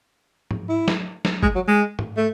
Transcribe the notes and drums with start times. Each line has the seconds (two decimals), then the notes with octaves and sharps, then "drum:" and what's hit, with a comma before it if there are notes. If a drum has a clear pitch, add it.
0.51 drum: tom G#2
0.69 E4
0.88 drum: snare
1.25 drum: snare
1.43 G#3, drum: kick F#1
1.55 F#3
1.68 G#3
1.99 drum: tom
2.17 A3